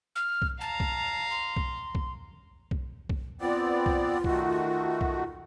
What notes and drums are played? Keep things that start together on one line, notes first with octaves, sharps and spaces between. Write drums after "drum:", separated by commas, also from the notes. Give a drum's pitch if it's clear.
F6
drum: kick B1
F5 A5 A#5
drum: kick B1
C6
drum: kick B1
drum: kick B1
drum: kick B1
drum: kick B1
B3 C4 F4 D5
drum: kick B1
D#3 A3 F#4, drum: kick B1
drum: kick B1